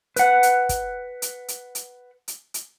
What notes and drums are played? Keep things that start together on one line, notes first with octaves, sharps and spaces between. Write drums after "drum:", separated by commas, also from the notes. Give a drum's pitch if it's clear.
B4 F#5, drum: hi-hat
drum: hi-hat
drum: kick, hi-hat
drum: hi-hat
drum: hi-hat
drum: hi-hat
drum: hi-hat
drum: hi-hat